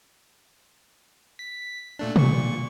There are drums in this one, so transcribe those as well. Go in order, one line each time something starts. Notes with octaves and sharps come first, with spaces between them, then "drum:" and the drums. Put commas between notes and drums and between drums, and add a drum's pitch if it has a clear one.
B6
A#2 A3 D4
A#2 C#6, drum: tom B2